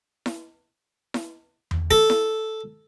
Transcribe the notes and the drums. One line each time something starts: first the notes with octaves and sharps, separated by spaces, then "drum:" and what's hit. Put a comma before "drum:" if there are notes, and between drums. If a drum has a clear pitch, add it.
drum: snare E4
drum: snare E4
drum: tom E2
A4, drum: kick
drum: snare E4